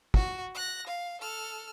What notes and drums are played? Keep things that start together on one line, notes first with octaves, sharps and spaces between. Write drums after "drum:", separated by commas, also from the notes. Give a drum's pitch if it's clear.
F#4, drum: kick
F#6 A#6
F5
A4 F6